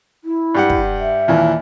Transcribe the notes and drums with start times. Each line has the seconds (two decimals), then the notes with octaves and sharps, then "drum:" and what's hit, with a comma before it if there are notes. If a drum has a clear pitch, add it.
0.24 E4
0.55 G2 G4 F#5
0.70 drum: kick
0.99 E5
1.28 D#2 A#2 E3